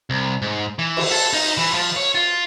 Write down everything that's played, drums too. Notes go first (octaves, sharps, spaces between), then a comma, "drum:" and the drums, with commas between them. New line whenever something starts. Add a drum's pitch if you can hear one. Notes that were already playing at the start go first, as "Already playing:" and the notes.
C2
G#2
E3
drum: cymbal
A4
D#4
E3
F3
C#5
F4